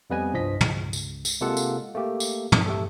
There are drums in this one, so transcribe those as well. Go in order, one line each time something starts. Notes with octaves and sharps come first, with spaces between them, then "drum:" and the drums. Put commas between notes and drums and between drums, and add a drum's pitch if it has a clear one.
F2 G3 B3 B4 D#5 G#5
C2 G2 F3 D#5 B6
C#2, drum: tom
drum: tambourine
drum: tambourine
C3 G#3 A#3 F4 A4 F#5
drum: tambourine
A3 A#3 G4
drum: tambourine
drum: tom
A3 G4 A4